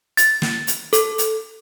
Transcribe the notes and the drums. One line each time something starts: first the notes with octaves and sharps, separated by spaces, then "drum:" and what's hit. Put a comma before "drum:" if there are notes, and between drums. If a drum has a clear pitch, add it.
A6, drum: hi-hat
drum: snare
drum: hi-hat
A4, drum: hi-hat
drum: hi-hat